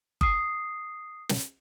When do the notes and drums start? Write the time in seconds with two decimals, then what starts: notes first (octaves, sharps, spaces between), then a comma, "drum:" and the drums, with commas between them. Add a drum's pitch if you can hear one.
0.21 D#6 C7, drum: kick G1
1.29 drum: snare